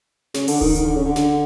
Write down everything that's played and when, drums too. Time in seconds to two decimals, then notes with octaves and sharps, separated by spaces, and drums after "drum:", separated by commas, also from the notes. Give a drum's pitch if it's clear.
0.34 C#3, drum: snare
0.48 D3, drum: open hi-hat
0.61 D#3, drum: kick D1
0.75 D#3, drum: hi-hat
0.85 D3
0.95 C#3
1.05 D3
1.16 D3, drum: snare